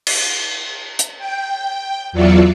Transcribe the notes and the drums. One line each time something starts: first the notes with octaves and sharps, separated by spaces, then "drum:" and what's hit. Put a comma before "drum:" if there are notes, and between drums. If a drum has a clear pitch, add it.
drum: cymbal
drum: hi-hat
G5
E2 F#3 F4 D5 E5 C#7